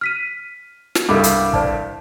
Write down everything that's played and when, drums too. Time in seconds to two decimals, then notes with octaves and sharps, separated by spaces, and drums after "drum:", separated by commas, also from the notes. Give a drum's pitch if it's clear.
0.01 F6 B6 D#7
0.95 drum: snare
1.09 C2 G2 G4 A4 D6
1.23 drum: hi-hat
1.54 C5 D5 A5, drum: kick